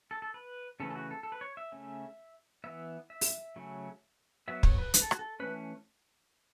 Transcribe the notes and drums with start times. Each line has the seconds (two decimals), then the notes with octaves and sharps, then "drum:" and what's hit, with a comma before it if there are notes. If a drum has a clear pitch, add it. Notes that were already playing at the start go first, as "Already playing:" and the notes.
0.11 A4
0.22 A4
0.34 B4
0.80 C#3 E3 A3 C#4 A4
0.91 A4
0.96 F#4
1.11 A4
1.23 A4
1.32 B4
1.41 C#5
1.57 E5
1.72 C#3 A3 C#4
2.64 E3 B3 E5
3.10 E5
3.21 drum: open hi-hat
3.56 C#3 F#3 A3 C#4
4.48 F#3 B3 E5
4.63 C#5, drum: kick
4.78 B4
4.94 B4, drum: hi-hat
5.02 A4
5.11 F#4, drum: rim click
5.19 A4
5.40 E3 A3 C#4 B4